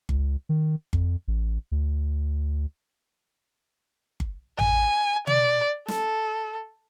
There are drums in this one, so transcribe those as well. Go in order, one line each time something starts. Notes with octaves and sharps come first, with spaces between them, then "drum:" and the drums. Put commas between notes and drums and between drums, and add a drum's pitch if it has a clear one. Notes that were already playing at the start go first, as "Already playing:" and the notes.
C#2, drum: kick G1
D#3
F2, drum: kick G1
A1
D2
drum: kick G1
G#5, drum: tom A1
D5, drum: tom B2
A4, drum: snare